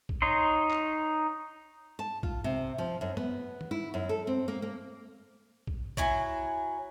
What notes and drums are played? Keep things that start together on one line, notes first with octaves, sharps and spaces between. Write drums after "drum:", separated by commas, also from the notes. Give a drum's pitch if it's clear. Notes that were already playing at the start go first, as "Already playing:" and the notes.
drum: kick A#1
D#4 C#5 C6
drum: clap
A5
F4, drum: kick A#1
C3
F3
F#2
B3, drum: tom
drum: tom D#3
E4
F#2
A4
C4
A#3
A#3
drum: kick A#1
F#3 E4 G#5, drum: kick A#1